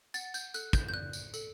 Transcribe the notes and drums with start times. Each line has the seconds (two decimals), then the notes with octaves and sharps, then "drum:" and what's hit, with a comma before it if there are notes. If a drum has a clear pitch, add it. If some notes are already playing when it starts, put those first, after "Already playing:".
0.14 F#5 A6, drum: tambourine
0.34 G6, drum: tambourine
0.54 A4 F#6, drum: tambourine
0.73 G6, drum: kick, tambourine
0.89 G6
0.93 D5 F#6
1.13 drum: tambourine
1.34 A4, drum: tambourine